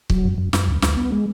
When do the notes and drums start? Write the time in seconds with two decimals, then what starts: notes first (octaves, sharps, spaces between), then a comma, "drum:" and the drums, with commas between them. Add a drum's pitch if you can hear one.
0.10 F#3, drum: kick
0.24 F#2
0.38 F#2
0.53 F#2, drum: snare
0.68 D2
0.82 D2, drum: snare
0.97 B3
1.12 G#3